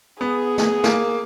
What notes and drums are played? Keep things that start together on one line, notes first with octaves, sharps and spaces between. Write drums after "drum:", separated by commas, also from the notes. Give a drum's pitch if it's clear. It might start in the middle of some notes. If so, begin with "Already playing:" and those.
B3 G#4
drum: snare
A#3, drum: snare